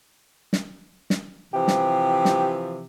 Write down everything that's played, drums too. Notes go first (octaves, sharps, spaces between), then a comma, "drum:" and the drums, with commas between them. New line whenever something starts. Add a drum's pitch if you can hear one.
drum: snare
drum: snare
C3 E3 F3 G4
drum: snare
drum: snare